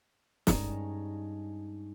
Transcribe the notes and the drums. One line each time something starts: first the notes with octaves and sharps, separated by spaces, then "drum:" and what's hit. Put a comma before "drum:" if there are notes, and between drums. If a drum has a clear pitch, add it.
G2 G#3 C#4 D#4 A5 A#5, drum: snare